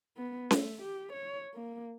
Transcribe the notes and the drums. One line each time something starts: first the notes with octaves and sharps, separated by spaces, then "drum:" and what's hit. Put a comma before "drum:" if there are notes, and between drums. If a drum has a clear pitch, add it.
B3
A3, drum: snare C#4
G4
C#5
A#3